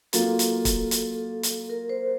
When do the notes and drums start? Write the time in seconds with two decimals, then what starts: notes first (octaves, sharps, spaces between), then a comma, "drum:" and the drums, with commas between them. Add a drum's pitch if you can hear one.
0.13 F#3 A#3 F4 A4, drum: hi-hat
0.39 drum: hi-hat
0.65 drum: kick, hi-hat
0.91 drum: hi-hat
1.43 drum: hi-hat
1.70 A#4
1.89 C5